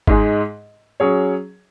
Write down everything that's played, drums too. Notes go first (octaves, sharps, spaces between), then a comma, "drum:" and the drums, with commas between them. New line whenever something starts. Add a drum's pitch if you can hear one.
G#2 G#3 D#4 G#4, drum: kick G1
F#3 C#4 G#4 C#5